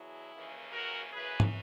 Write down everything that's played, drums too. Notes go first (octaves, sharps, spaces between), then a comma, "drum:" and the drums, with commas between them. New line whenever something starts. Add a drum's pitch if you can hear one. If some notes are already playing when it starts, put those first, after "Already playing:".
Already playing: E2 B2 F#3 E4 G#4
D#2 C#3 E3 A#3
F#4 A#4
F#2 C#3 E3 G#4 B4
drum: tom